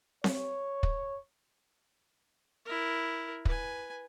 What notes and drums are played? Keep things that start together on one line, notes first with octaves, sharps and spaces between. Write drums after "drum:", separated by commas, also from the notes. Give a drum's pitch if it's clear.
C#5, drum: snare C4
drum: kick
E4 A#4
B4 G#5, drum: kick